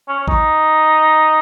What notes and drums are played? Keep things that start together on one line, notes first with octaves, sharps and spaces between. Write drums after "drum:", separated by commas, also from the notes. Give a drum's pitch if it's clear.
C#4
C#4
D#4, drum: kick A1